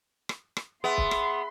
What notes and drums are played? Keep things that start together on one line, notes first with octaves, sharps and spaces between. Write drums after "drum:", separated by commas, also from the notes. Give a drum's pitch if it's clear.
drum: rim click
drum: rim click
B3 G#4 E5 C6
drum: kick
drum: rim click